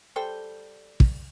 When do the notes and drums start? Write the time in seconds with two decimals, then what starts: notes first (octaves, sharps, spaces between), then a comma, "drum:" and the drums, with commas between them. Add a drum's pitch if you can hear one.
0.16 G3 A4 C5 G5
1.00 drum: kick